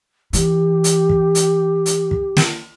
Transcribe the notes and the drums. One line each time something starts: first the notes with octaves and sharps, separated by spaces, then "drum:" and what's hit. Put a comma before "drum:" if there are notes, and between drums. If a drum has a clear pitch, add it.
E3 G4, drum: hi-hat
drum: hi-hat
drum: kick
drum: hi-hat
drum: hi-hat
drum: kick
drum: snare